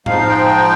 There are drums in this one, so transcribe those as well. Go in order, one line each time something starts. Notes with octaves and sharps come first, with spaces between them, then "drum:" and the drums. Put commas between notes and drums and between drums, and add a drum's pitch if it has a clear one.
G#2 F3 G#3 D#4 F5, drum: tom A2
G5